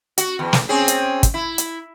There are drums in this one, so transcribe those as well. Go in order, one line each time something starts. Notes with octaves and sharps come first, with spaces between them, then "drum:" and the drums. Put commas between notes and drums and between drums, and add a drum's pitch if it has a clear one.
F#4, drum: hi-hat
E2
drum: snare
C4 C#4 G#4
drum: hi-hat
drum: kick, hi-hat
E4
drum: hi-hat